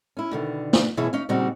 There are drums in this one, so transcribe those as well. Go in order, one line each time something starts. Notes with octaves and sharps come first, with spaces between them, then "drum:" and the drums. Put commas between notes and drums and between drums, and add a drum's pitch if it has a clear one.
C#4 E4
B2 D3 D#3
drum: snare
F#2 B2 E3 E4 G#4 C#5
D#2 C#4 D#4 F5
A#2 C#3 G3 C4 D#4 F#4